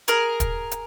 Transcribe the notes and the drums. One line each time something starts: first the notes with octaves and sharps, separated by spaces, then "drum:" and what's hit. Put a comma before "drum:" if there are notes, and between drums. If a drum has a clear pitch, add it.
G#4 A#4, drum: hi-hat
drum: kick, hi-hat
drum: hi-hat